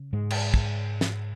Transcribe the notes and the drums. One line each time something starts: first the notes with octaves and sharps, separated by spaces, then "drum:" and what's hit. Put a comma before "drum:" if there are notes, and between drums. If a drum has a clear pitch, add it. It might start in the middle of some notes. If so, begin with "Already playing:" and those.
Already playing: C#3
G#2 G#3
drum: cymbal
drum: kick
drum: snare